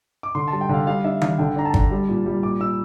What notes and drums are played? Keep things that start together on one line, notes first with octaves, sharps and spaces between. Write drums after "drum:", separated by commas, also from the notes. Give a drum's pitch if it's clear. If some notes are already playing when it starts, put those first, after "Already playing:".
D6
D3 C6
A5
G3
G5
D3 F5
G3 F5
D4 E5
D4 F5, drum: tom D#3
D3 G5
D4 A#5
A5
D4, drum: kick
G3
A#2
G3
A#2 D6
A#2 E6